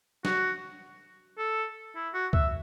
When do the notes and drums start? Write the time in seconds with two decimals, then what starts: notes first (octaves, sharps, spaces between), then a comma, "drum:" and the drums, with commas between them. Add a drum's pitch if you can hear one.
0.25 F#4, drum: snare
1.38 A4
1.96 E4
2.14 F#4
2.33 E5, drum: kick C#2